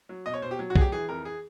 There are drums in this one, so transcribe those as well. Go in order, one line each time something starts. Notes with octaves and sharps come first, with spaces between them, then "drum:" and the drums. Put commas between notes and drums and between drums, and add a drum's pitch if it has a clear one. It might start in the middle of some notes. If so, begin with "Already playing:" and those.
F#3
B2 D#5
C#5
B2 C5
G4
F#3
F#4
F#3 G#4, drum: kick B1
G4
E3 G#4
F2 A#4
G#4